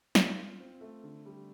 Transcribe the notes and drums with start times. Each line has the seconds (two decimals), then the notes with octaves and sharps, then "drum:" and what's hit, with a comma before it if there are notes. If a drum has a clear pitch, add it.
0.15 F4, drum: snare
0.37 F4
0.60 C4
0.81 A3
1.03 D3
1.26 G3